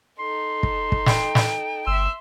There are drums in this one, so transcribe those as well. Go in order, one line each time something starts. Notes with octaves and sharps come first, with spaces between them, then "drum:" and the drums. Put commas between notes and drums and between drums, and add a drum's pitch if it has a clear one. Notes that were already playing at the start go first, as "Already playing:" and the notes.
D#4 A4 C6
drum: kick
drum: kick
G5, drum: snare
drum: snare
G1 E5 C6 E6